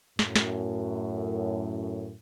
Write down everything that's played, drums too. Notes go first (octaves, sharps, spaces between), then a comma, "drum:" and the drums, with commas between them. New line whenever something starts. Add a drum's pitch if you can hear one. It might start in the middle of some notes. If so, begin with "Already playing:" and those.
F#2 A2, drum: snare
drum: snare